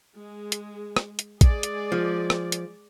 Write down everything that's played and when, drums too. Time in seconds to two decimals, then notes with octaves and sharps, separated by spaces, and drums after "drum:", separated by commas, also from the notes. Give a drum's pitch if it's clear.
0.17 G#3
0.52 drum: hi-hat
0.97 drum: rim click
1.19 drum: hi-hat
1.41 G#3 G#4 D5, drum: kick A1, hi-hat
1.63 drum: hi-hat
1.92 F3
2.30 drum: rim click
2.52 drum: hi-hat